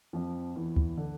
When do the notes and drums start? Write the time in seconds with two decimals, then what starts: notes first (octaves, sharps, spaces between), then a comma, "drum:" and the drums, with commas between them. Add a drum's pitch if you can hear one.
0.13 F2 F3
0.56 E2 E3
0.76 drum: kick D2
0.97 D3